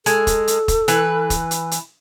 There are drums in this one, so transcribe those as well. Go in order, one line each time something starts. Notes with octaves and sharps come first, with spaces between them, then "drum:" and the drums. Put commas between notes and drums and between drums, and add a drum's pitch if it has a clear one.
G#3 A4, drum: hi-hat
drum: kick, hi-hat
drum: hi-hat
drum: kick, hi-hat
E3 B4, drum: hi-hat
drum: kick, hi-hat
drum: hi-hat
drum: hi-hat